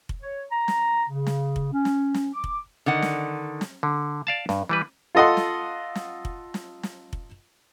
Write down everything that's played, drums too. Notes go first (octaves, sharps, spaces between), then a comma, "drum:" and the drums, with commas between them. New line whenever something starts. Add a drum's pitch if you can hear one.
drum: kick F1
C#5
A#5
drum: snare
C#3
drum: snare
drum: kick F1
C#4
drum: snare
drum: snare
D6
drum: kick F1
D3 D#3 F#5
drum: snare
drum: snare
D3
D5 F5 A5
G2, drum: snare
E3 G3 B4
F4 A4 D#5 F#5 C6
drum: snare
drum: snare
drum: kick F1
drum: snare
drum: snare
drum: kick F1